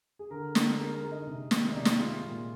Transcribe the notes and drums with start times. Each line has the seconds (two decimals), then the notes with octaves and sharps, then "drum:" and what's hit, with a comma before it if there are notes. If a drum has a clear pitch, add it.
0.19 G#4
0.31 D3 A#4
0.55 D3, drum: snare
0.79 G#3 A#4
0.95 A#4
1.03 G#3
1.10 D#4 D#5
1.27 C3
1.51 D#3, drum: snare
1.69 D5
1.74 C3 D#4 D#5
1.85 drum: snare
1.98 G#3 F4 F5
2.23 A#2